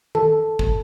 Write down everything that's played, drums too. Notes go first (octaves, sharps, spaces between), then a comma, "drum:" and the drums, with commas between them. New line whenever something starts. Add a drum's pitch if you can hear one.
A4, drum: tom D#3
drum: kick